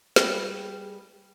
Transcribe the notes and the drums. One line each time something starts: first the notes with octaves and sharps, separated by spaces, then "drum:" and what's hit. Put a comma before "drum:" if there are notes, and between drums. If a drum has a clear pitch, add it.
G3 G#4 B4 G5, drum: snare